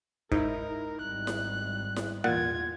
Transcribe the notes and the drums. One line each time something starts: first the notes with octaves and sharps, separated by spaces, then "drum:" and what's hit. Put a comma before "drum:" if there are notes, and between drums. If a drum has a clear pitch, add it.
G#2 D#4 E4 A#4, drum: kick
G#1 G3 F#6
drum: snare E4
drum: snare E4
E2 A#2 F4 F#5 G#6 A6